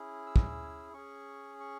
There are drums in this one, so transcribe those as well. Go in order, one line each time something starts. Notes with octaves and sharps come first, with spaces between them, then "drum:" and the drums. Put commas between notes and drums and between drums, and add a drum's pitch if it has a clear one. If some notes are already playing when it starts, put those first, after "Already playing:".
Already playing: C#4 E4 G#4
E6
drum: kick
C#4 G#4 C#6
C#6